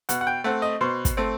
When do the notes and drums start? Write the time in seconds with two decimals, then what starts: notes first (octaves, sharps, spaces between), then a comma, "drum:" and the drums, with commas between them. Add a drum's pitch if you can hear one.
0.09 B2 F#5, drum: hi-hat
0.21 F#5
0.27 G5
0.44 A3 C4 F#5
0.62 D#5
0.81 B2 C5
1.05 drum: kick, hi-hat
1.17 A3 C4